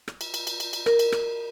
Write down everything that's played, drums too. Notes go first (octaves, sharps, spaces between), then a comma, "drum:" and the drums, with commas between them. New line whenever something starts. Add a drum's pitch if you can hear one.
drum: rim click
drum: cymbal
drum: cymbal
drum: cymbal
drum: cymbal
drum: cymbal
A#4, drum: rim click
drum: cymbal
drum: rim click